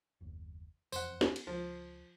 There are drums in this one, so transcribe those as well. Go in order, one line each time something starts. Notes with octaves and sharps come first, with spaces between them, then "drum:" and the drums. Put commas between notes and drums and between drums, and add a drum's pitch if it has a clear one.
F#1 D#2
E1 F2 E3 C5 F#5, drum: tambourine
drum: snare
drum: cymbal
C#2 F3